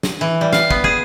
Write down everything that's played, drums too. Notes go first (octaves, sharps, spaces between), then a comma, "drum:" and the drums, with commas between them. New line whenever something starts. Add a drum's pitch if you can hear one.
drum: snare
E3
G3
F5, drum: snare
B3, drum: kick
G#4, drum: kick